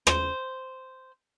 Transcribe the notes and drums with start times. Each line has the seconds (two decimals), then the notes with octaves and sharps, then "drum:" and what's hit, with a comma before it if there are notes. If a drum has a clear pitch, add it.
0.07 C5, drum: rim click